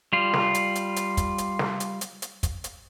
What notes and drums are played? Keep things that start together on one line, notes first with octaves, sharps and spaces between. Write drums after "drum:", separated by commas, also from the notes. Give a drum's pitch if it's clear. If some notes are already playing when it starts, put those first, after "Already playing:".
G3 F4
drum: snare
drum: hi-hat
drum: hi-hat
drum: hi-hat
drum: kick, hi-hat
drum: hi-hat
drum: snare
drum: hi-hat
drum: hi-hat
drum: hi-hat
drum: kick, hi-hat
drum: hi-hat